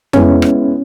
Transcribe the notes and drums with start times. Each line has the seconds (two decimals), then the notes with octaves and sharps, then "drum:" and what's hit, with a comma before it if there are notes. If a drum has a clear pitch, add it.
0.13 G#3 B3 C#4 E4, drum: tom F2
0.42 drum: rim click